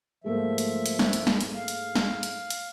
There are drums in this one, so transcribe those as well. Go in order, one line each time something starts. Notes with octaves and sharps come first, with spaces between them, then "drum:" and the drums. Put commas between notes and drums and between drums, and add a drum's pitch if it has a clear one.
G#2 F3 A3 A#3 E5
drum: hi-hat
drum: hi-hat
drum: snare
drum: hi-hat
drum: snare
drum: hi-hat
F5
drum: hi-hat
drum: snare
drum: hi-hat
drum: hi-hat